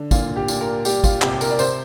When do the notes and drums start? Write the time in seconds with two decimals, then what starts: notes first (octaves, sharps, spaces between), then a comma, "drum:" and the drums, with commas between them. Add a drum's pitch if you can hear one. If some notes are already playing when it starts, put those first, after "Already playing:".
Already playing: D3
0.11 A#2 F4, drum: kick, tambourine
0.36 G4
0.48 A#2, drum: tambourine
0.61 A#4
0.85 G3 G4, drum: tambourine
1.04 F4, drum: kick, tambourine
1.22 C3 G4, drum: clap
1.41 A#4, drum: tambourine
1.50 D5
1.59 C3 C5, drum: tambourine